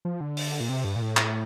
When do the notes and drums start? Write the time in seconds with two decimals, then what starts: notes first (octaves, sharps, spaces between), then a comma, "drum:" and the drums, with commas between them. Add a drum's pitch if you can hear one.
0.05 F3
0.21 D3
0.37 drum: open hi-hat
0.60 A#2
0.69 C3
0.85 G2
0.96 A#2
1.02 A2
1.17 drum: clap